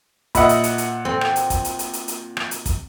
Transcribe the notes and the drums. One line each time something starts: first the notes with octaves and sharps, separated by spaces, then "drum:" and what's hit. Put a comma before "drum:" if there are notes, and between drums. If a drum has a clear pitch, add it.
A#2 D#5 E5 F#5 B5, drum: kick, hi-hat
drum: hi-hat
drum: hi-hat
drum: hi-hat
C4
drum: rim click
drum: hi-hat
drum: kick, hi-hat
drum: hi-hat
drum: hi-hat
drum: hi-hat
drum: hi-hat
drum: rim click
drum: hi-hat
drum: kick, hi-hat